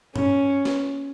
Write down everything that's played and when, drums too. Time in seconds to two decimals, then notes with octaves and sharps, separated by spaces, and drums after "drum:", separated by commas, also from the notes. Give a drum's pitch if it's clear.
0.16 C#4, drum: tom G2
0.65 drum: snare